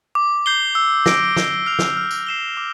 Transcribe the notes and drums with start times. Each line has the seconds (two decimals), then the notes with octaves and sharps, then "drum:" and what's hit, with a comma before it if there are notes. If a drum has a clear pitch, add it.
0.15 D6
0.46 G6 C7 G7
0.75 E6
1.06 A#6 D7, drum: snare
1.36 D6, drum: snare
1.66 F6 C7 F7
1.79 drum: snare
1.97 F6
2.11 drum: tambourine
2.27 C7 E7 G7
2.57 D6